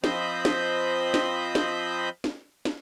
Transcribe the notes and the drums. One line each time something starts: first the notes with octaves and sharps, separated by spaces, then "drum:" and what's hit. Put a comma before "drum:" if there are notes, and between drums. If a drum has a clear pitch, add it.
F3 C4 C5 D#5 B5 G6, drum: snare
drum: snare
drum: snare
drum: snare
drum: snare
drum: snare